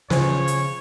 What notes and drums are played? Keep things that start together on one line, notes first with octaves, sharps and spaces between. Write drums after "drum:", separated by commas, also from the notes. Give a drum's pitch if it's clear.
C#3 F4 G#4 C5 C#5, drum: snare
drum: hi-hat